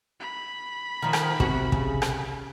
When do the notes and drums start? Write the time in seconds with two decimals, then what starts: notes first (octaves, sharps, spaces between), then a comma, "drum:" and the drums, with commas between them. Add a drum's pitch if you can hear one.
0.20 B5
1.02 D#3 F3
1.13 drum: rim click
1.40 C3 F#4, drum: kick
1.72 C#3, drum: kick
2.02 drum: rim click